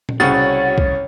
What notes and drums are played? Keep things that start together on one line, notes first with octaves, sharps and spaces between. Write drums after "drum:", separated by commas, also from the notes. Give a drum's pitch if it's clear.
drum: tom A#2
C2 C#3 F#4 C#5 A6
drum: kick